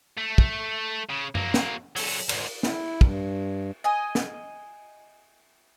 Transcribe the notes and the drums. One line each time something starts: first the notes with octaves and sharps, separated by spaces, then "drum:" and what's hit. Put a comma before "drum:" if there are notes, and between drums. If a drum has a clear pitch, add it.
A3
drum: kick
C#3
F#3 A#3, drum: tom F#2
drum: snare
F#3 A4, drum: open hi-hat
D2 G#2, drum: cymbal
E4, drum: snare
G2, drum: kick
D#5 G#5
drum: snare